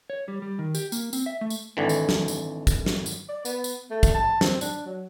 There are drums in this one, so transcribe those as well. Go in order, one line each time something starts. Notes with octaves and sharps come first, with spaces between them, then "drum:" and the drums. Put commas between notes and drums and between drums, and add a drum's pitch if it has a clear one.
C#5
G3
G3
D#3
G4, drum: tambourine
A#3, drum: tambourine
C4, drum: tambourine
E5
A3
drum: tambourine
G#1 D3 E3
drum: tambourine
drum: snare
drum: tambourine
drum: kick, tambourine
drum: snare
drum: tambourine
D5
B3, drum: tambourine
drum: tambourine
A3
drum: kick, tambourine
A5
C4, drum: snare
D4, drum: tambourine
F#3